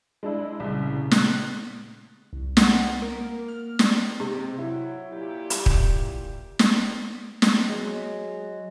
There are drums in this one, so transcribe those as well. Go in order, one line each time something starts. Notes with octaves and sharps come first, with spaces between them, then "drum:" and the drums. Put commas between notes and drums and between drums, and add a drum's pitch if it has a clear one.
G#3 D4 E4
C2 A#2 C#3
F#6, drum: snare
C2
F#5, drum: snare
A#4
A#3
F6
D5, drum: snare
C3 C4 D#4 G4
F#3 E4
A#2 G4
drum: hi-hat
drum: kick
drum: snare
drum: snare
F#3 G#3